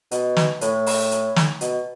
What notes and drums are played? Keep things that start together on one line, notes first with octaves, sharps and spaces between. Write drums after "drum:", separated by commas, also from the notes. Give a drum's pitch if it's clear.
B2, drum: hi-hat
drum: snare
A2, drum: hi-hat
drum: open hi-hat
drum: hi-hat
drum: snare
B2, drum: hi-hat